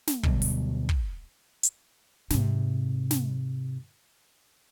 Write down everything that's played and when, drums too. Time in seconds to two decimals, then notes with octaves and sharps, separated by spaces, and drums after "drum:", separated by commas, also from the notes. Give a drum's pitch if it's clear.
0.08 drum: snare
0.23 D2 B2 F#3 G3, drum: kick
0.42 drum: open hi-hat
0.89 drum: kick
1.63 drum: hi-hat
2.31 G#2 C3, drum: snare
3.11 drum: snare